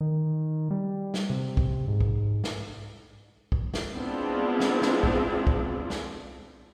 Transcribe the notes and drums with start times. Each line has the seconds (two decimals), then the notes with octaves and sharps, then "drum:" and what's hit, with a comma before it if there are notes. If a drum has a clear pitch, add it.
0.01 D#3
0.71 G3
1.14 drum: snare
1.30 C3
1.57 drum: kick B1
1.88 G#2
2.00 drum: kick B1
2.44 drum: snare
3.52 drum: kick B1
3.74 drum: snare
3.95 G#3 B3 C4 D4 E4 F4
4.60 drum: snare
4.82 drum: snare
5.03 drum: kick B1
5.47 drum: kick B1
5.90 drum: snare